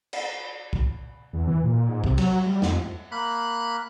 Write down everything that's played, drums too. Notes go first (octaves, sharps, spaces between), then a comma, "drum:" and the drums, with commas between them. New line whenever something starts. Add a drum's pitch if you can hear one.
drum: cymbal
drum: kick
E2
E3
A#2
G#2
C3, drum: kick
F#3, drum: cymbal
G3
F2, drum: snare
A#3 B5 F#6